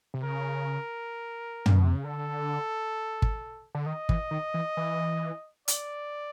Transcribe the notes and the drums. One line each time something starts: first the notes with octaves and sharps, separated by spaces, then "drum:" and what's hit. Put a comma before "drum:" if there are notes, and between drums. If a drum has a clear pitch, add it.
C3
C#3 A#4
A#2, drum: tom
B2
C3
C#3
D3 A4
drum: kick
D3
D#3 D#5
E3, drum: kick
D#3
E3
E3
D5, drum: hi-hat